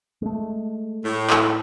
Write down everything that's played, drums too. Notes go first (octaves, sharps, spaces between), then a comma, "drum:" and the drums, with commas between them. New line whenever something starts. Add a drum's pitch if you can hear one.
G#3 A3
A2
drum: clap